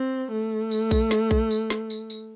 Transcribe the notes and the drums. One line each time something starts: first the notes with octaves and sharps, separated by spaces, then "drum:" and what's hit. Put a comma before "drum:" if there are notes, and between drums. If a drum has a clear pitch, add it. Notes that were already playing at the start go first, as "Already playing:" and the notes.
Already playing: C4
A3
drum: tambourine
drum: kick A#1, tambourine
drum: snare
drum: kick A#1
drum: tambourine
drum: snare
drum: tambourine
drum: tambourine